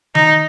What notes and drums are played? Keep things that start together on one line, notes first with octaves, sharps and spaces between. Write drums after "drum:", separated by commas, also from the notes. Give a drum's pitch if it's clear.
D#4, drum: tom D#3